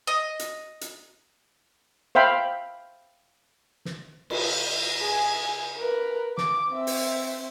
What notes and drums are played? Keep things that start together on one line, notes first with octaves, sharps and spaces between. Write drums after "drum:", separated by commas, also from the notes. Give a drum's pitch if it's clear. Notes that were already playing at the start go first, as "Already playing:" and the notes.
D#5
drum: hi-hat
drum: hi-hat
C5 E5 F5 G5 B5
drum: snare
drum: cymbal
G#4 G#5
A#4 B4
D6, drum: snare
C4 E5
drum: open hi-hat